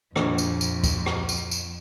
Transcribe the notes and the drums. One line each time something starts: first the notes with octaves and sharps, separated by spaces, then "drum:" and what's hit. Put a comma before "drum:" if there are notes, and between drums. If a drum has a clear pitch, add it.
A#1 F2, drum: rim click
drum: tambourine
drum: tambourine
drum: kick, tambourine
drum: rim click
drum: tambourine
drum: tambourine